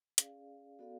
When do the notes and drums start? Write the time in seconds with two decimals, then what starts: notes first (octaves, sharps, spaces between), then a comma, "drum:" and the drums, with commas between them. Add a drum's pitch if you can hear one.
0.18 C#4 G#4 D5 F5, drum: hi-hat
0.79 B3 F#4 A4 D5 F5